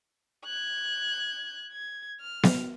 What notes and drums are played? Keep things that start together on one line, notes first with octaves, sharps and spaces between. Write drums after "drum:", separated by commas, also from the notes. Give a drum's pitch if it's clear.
F#6 G#6
G#6
F6
drum: snare B3